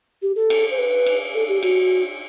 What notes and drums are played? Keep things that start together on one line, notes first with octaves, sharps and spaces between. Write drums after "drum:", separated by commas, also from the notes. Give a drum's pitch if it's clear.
G4
A4
drum: cymbal
C5
B4
drum: cymbal
A4
G4
F#4, drum: cymbal